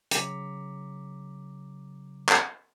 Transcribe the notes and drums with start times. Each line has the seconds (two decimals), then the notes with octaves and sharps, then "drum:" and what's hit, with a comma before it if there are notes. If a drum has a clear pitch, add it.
0.11 C#3 F#3 A#5 D6 B6 C#7, drum: hi-hat
2.29 drum: clap